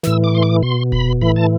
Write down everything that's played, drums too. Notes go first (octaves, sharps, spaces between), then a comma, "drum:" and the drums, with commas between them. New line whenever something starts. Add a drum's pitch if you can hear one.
A2 E3 E6, drum: snare
D6
C6
D6
B2 C6
B5, drum: kick F1
A2 E3 B5
A5